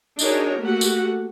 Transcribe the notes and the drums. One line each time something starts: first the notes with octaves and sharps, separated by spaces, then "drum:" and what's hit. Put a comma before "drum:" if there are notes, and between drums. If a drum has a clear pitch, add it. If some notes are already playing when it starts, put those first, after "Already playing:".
D4 D#4 F#4 G#4 A#4 C#5, drum: tambourine
A3 A#3 F#4 G4 F#5
drum: tambourine